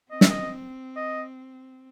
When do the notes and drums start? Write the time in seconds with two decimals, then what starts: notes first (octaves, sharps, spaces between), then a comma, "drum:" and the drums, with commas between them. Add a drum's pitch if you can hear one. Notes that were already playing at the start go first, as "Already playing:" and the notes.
0.11 C4 D#5
0.21 E5, drum: snare
0.30 D#5
0.97 D#5